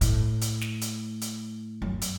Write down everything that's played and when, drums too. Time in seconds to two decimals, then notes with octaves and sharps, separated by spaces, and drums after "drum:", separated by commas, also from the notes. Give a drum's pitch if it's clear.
0.01 A2, drum: hi-hat
0.41 drum: hi-hat
0.61 drum: snare
0.81 drum: hi-hat
1.21 drum: hi-hat
1.82 F#2
2.01 drum: hi-hat